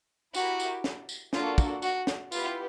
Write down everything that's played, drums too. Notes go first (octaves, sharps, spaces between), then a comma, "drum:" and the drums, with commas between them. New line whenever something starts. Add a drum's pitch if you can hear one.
E4 F#4 G4 A#4, drum: tambourine
drum: tambourine
drum: snare
drum: tambourine
A#3 D4 F4 F#4 A4, drum: snare
drum: kick, tambourine
F#4, drum: tambourine
drum: snare
B3 E4 F4 G4 B4, drum: tambourine